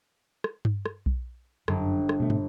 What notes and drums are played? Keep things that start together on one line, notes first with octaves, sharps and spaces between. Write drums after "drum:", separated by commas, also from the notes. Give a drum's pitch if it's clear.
drum: rim click
drum: tom G2
drum: rim click
drum: kick B1
G1 F#2, drum: rim click
drum: rim click
B2 A3
drum: tom